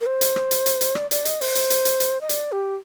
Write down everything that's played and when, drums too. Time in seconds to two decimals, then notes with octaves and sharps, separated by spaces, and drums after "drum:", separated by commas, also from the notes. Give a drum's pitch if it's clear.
0.01 A#4
0.06 C5
0.21 drum: hi-hat
0.36 drum: rim click
0.51 drum: hi-hat
0.66 drum: hi-hat
0.81 drum: hi-hat
0.95 D5, drum: rim click
1.11 D5, drum: hi-hat
1.25 D#5, drum: hi-hat
1.41 C5, drum: open hi-hat
1.55 drum: hi-hat
1.70 drum: hi-hat
1.85 drum: hi-hat
2.00 drum: hi-hat
2.21 D#5
2.29 D5, drum: hi-hat
2.52 G4